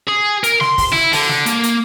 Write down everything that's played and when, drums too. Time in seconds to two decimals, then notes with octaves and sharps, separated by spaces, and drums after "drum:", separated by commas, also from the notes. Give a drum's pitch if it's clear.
0.09 G#4
0.44 A#4, drum: hi-hat
0.61 C6, drum: snare
0.78 drum: kick, open hi-hat
0.93 E4, drum: snare
1.13 D3, drum: open hi-hat
1.29 drum: snare
1.46 A#3, drum: hi-hat
1.63 drum: hi-hat